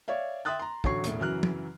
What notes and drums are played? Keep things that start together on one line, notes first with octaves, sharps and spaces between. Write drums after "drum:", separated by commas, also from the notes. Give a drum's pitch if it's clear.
C#5 D5 E5 F5
E5 G5 C6 D#6 F#6 A6
A#5 C6
A1 D3 F#3 C#5 C#6 C7, drum: kick
E1 A2, drum: hi-hat
F#2 C#3 E3 F#3 F6 F#6
drum: tom